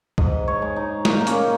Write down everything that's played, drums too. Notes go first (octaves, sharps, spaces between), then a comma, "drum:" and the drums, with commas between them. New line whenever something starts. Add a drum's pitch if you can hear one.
G#2 D#5, drum: kick
C#5
G#3
D#4
A#2 D#4, drum: snare
A#3
C#4, drum: hi-hat